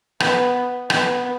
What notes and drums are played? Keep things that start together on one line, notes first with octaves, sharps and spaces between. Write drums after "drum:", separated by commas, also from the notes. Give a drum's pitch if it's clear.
B3, drum: rim click
B3, drum: rim click